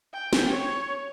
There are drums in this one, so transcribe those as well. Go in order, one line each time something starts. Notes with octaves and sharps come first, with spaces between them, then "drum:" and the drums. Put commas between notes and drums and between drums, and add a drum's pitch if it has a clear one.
G5
drum: snare
C#5